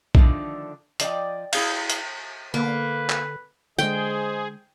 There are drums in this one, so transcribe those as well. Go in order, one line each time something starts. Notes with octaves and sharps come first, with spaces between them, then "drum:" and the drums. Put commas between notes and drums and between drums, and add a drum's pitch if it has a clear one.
D3 D#3 F3 G#3 A3 D4, drum: kick A#1
F3 D5 D#5 G5, drum: hi-hat
E4 G#4 F5, drum: cymbal
drum: hi-hat
D3 A#3 B4
drum: clap
D3 G#3 G#4 C5 D#5 G5, drum: tambourine